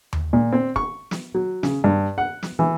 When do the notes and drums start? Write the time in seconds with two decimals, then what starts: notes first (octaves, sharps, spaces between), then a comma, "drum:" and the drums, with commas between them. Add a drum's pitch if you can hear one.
0.13 drum: tom D#2
0.33 A#2
0.52 C4
0.76 C#6, drum: kick
1.11 drum: snare
1.35 F#3
1.63 C#3, drum: snare
1.84 G2
2.18 F#5
2.43 drum: snare
2.59 E3